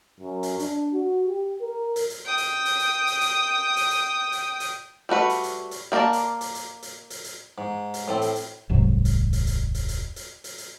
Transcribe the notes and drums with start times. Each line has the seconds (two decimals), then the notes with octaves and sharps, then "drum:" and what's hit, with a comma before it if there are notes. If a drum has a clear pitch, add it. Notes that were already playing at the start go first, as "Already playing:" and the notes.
0.20 F#2
0.43 drum: hi-hat
0.59 D4, drum: hi-hat
0.93 F#4
1.27 G4
1.61 A#4
1.96 drum: hi-hat
2.10 drum: hi-hat
2.25 G5 D#6
2.38 drum: hi-hat
2.65 drum: hi-hat
2.79 drum: hi-hat
3.07 drum: hi-hat
3.21 drum: hi-hat
3.77 drum: hi-hat
3.90 drum: hi-hat
4.32 drum: hi-hat
4.60 drum: hi-hat
5.09 G3 A3 F#4 B4
5.30 drum: hi-hat
5.43 drum: hi-hat
5.71 drum: hi-hat
5.92 G3 A#3 A#4 D5 A5
6.13 drum: hi-hat
6.41 drum: hi-hat
6.55 drum: hi-hat
6.83 drum: hi-hat
7.10 drum: hi-hat
7.24 drum: hi-hat
7.58 G#2
7.94 drum: hi-hat
8.08 A2 C4 A4
8.22 drum: hi-hat
8.35 drum: hi-hat
8.70 D#1 C2 G#2 F#3
9.05 drum: hi-hat
9.33 drum: hi-hat
9.47 drum: hi-hat
9.75 drum: hi-hat
9.88 drum: hi-hat
10.16 drum: hi-hat
10.44 drum: hi-hat
10.58 drum: hi-hat